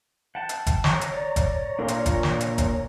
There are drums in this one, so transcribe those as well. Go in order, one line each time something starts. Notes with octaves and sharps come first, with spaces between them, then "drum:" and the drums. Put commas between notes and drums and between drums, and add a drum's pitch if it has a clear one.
F#5 G5 A5
drum: hi-hat
drum: kick G1, hi-hat
C#5 A#5, drum: snare
drum: hi-hat
D5
drum: kick G1, hi-hat
A#2 D4 F4
drum: hi-hat
drum: kick G1, hi-hat
drum: snare
drum: hi-hat
drum: kick G1, hi-hat